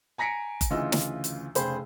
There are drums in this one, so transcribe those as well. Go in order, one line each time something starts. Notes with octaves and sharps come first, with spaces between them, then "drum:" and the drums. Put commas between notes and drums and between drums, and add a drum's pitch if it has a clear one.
G#5 A#5 A#6 B6 C#7 D7
drum: kick F#1, hi-hat
D2 C#3 E3 F4 D#5 E6
drum: snare
drum: hi-hat
F1 C#3 G#4 C5 G5 B5, drum: hi-hat